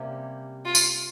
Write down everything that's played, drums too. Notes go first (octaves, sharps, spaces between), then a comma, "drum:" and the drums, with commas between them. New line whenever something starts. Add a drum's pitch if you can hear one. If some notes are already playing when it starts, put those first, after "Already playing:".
Already playing: C3 G3 A#3 C#4
F4
drum: tambourine